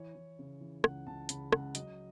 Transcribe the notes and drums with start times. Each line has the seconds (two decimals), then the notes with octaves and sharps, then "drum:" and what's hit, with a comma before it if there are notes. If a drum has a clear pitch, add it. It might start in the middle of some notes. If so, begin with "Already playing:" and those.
Already playing: E3 C#5
0.15 E3
0.39 C#3
0.61 E3
0.84 C#2 F#5, drum: rim click
1.07 C#2 A5
1.29 C#3 B5, drum: hi-hat
1.52 C#2 F#5, drum: rim click
1.75 F#3 D#5, drum: hi-hat